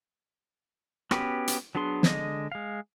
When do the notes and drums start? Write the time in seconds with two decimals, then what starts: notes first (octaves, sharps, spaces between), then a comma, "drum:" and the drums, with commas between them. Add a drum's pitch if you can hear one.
1.11 B3 C#4 F#4 G4 B4, drum: rim click
1.48 drum: hi-hat
1.75 F#3 B3 D4 G#4 C6
2.03 D3 G#3 D#5, drum: snare
2.52 G#3 F5